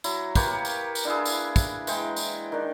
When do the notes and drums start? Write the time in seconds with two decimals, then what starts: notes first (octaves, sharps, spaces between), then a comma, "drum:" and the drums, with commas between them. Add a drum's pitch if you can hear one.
0.04 F#3 E4, drum: tambourine
0.35 A#3 G4 B4 C#5, drum: kick, tambourine
0.65 drum: tambourine
0.95 drum: tambourine
1.05 D4 E4 G#4
1.26 drum: tambourine
1.56 drum: kick, tambourine
1.87 E3 G#3 G5, drum: tambourine
2.16 drum: tambourine
2.52 D#3 D4